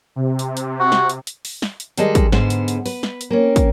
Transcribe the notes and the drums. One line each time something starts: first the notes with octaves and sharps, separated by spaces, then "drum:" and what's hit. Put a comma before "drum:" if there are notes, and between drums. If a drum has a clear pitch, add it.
C3
drum: hi-hat
drum: hi-hat
F#4
drum: snare
drum: hi-hat
drum: hi-hat
drum: open hi-hat
drum: snare
drum: hi-hat
D#3 G3 G#3 A4 D5 D#5, drum: hi-hat
drum: kick, hi-hat
G#2 D3 G#3 B3 C5, drum: snare
drum: hi-hat
drum: hi-hat
B4, drum: open hi-hat
drum: snare
drum: hi-hat
A#3 C4 C#4
drum: kick, hi-hat